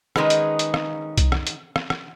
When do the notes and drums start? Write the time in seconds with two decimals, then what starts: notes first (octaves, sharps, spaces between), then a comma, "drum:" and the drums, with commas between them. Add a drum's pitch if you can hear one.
0.16 D#3 G#3 C#4 D#4 G#4 B4, drum: rim click
0.30 drum: hi-hat
0.59 drum: hi-hat
0.74 drum: rim click
1.17 drum: kick C2, hi-hat
1.32 drum: rim click
1.47 drum: hi-hat
1.76 drum: rim click
1.90 drum: rim click